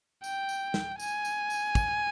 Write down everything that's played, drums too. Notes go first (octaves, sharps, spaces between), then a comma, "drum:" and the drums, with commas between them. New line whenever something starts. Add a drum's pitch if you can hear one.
G5, drum: tambourine
drum: tambourine
drum: snare
G#5, drum: tambourine
drum: tambourine
drum: tambourine
drum: kick, tambourine